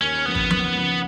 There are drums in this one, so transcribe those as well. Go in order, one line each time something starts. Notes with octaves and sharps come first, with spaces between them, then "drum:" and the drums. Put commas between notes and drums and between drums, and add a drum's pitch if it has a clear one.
D#2 C#4
C#3 F3 B3
drum: kick G#1
D#2, drum: tom F3
C#3 F3